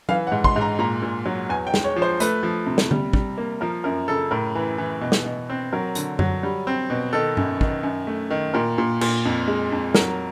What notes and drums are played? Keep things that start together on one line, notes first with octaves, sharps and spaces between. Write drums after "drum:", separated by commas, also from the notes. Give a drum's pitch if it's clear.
E3 F5, drum: tom
F#5
G#2
C6, drum: kick
G#2
A#5
A#2 A#5
A#2
F#3
E2 G#5
G5
G#3, drum: snare
C#5
F3
C5
A3 B4, drum: hi-hat
F3
C3
drum: snare
G3, drum: tom D3
G3, drum: kick
A#3
F3 A#4
F#2 A#4
C#3 A4
A2 A#4
E3
E3
B2
drum: snare
B2
C4
F#3 A#4
D3, drum: hi-hat
F#3, drum: tom F#2
G3
C4
B2
D#3 A4
F#2, drum: tom G2
D#3, drum: kick
F#2
A3
D#3
A#2 A#4
A#2
A#2, drum: cymbal
F2
G#3
F2
F#3 A#4, drum: snare